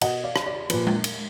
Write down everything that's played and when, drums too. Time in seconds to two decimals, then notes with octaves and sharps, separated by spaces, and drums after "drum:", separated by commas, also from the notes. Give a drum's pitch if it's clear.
0.01 B2 D#5 F#5, drum: cymbal
0.24 D5 F5
0.36 drum: rim click
0.46 D5
0.70 A#2 F3 B4, drum: cymbal
0.87 drum: tom G#3
1.04 drum: cymbal